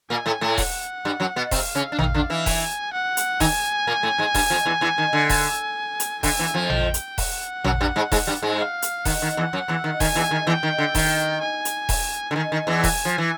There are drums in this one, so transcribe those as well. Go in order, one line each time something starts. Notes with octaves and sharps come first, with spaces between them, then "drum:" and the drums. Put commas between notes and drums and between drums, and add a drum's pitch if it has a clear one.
A#2 A#3 G#5
A2 A3
A2 A3
F#5, drum: kick E1, open hi-hat
G2 G3
F#2 F#3
B2 B3
C3 C4 F5, drum: kick E1, open hi-hat
C#3 C#4
D4
D#3 D#4, drum: tom A1
D3 D4
E3 E4
G#5, drum: kick E1, open hi-hat
F#5
drum: hi-hat
D#3 D#4 G#5, drum: kick E1, open hi-hat
A#2 A#3
A2 A3
G#2 G#3
G2 G3, drum: kick E1, open hi-hat
F2 F3
E2 E3
E2 E3
D#3
D3
G#5, drum: kick E1, open hi-hat
drum: hi-hat
D3 G#5, drum: kick E1, open hi-hat
E2 E3
F2 F3
G5, drum: tom A1
drum: hi-hat
F#5, drum: kick E1, open hi-hat
F#2 F#3, drum: tom A1
G2 G3
G#2 G#3
G#2 G#3, drum: kick E1, open hi-hat
G2 G3
G#2 G#3
F5
drum: hi-hat
D#3 F#5, drum: kick E1, open hi-hat
D#3
E2 E3
F#2 F#3
E2 E3
D#3
D#3 G#5, drum: kick E1, open hi-hat
E2 E3
D#3
E2 E3 G5
D#3
D3
D#3, drum: kick E1, open hi-hat
G#5
drum: hi-hat
drum: kick E1, open hi-hat
D3
D#3 G#5
D#3
E2 E3
G#5, drum: kick E1, open hi-hat
F3
E3